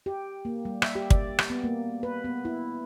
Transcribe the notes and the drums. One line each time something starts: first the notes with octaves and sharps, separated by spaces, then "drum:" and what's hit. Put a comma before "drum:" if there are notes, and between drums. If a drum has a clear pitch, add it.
G4
A#3
G3
E5, drum: rim click
G4
D5, drum: kick
drum: rim click
B3
A#3
B4
B3
E4